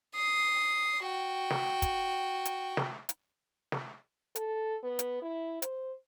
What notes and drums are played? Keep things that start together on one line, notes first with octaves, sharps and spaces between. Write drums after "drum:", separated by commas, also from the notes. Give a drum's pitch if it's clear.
D#6 C7
F#4 G5
drum: snare
drum: kick, hi-hat
drum: hi-hat
drum: snare
drum: hi-hat
drum: snare
A4, drum: hi-hat
B3
drum: hi-hat
E4
C5, drum: hi-hat